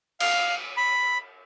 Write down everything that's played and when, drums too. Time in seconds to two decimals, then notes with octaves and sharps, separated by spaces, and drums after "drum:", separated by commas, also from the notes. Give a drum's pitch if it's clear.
0.20 F5, drum: cymbal
0.77 B5